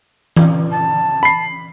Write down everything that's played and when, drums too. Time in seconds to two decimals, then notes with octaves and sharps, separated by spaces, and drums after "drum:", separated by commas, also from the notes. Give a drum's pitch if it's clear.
0.36 drum: tom E3
0.71 A5
1.23 B5 C7